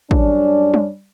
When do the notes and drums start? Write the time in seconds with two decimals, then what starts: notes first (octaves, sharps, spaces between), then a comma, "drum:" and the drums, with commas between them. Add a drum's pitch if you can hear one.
0.11 F#2 G3 C#4 D4, drum: kick
0.74 drum: tom G3